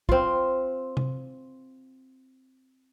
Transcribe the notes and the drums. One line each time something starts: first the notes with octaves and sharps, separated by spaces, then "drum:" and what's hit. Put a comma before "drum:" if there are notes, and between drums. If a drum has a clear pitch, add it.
C4 F4, drum: kick
drum: tom C3